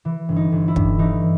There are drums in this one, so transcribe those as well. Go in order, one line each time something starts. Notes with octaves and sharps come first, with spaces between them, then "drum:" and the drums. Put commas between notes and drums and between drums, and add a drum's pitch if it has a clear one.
E3
G1
D#4
G1
E4
G2, drum: kick
E3 D#4